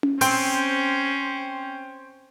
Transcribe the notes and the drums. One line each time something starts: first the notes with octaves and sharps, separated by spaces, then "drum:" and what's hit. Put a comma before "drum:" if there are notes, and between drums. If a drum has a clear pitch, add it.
drum: tom C#4
C4 C#4 C5 G5 C6 G6, drum: open hi-hat